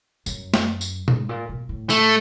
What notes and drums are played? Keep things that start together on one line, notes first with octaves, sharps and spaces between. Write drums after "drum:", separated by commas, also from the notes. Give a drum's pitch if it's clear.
F#2, drum: tambourine
drum: snare
drum: tambourine
G#2, drum: tom A#2
A#2
B2
A2
A3, drum: tambourine